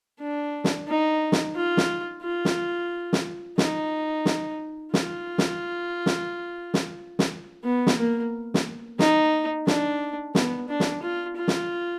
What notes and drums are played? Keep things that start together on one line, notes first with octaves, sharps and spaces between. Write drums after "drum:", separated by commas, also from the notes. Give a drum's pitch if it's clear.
D4
drum: snare
D#4
drum: snare
F4
drum: snare
F4
drum: snare
drum: snare
D#4, drum: snare
drum: snare
F4, drum: snare
drum: snare
drum: snare
drum: snare
drum: snare
B3
drum: snare
A#3
drum: snare
D#4, drum: snare
D4, drum: snare
B3, drum: snare
D4
drum: snare
F4
F4
drum: snare